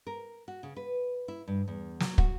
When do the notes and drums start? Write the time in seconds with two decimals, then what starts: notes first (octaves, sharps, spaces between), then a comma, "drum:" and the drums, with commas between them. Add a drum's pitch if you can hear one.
0.07 A#4
0.48 F#4
0.63 C#3
0.76 B4
1.28 E4
1.48 G2
1.68 E2
2.00 F#3, drum: snare
2.18 F#4, drum: kick